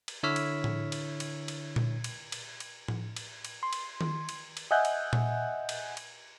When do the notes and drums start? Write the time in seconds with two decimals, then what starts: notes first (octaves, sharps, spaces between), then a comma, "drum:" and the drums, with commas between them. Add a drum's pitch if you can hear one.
0.08 drum: cymbal
0.23 D3 E4 C#5 E6 F6 B6
0.36 drum: cymbal
0.64 drum: tom A2
0.92 drum: cymbal
1.20 drum: cymbal
1.48 drum: cymbal
1.76 drum: tom A#2
2.04 drum: cymbal
2.32 drum: cymbal
2.60 drum: cymbal
2.88 drum: tom A2
3.16 drum: cymbal
3.45 drum: cymbal
3.63 C6
3.73 drum: cymbal
4.01 drum: tom D#3
4.29 drum: cymbal
4.57 drum: cymbal
4.71 D#5 E5 F#5 G#5 F#6 G6
4.85 drum: cymbal
5.13 drum: tom A#2
5.69 drum: cymbal
5.97 drum: cymbal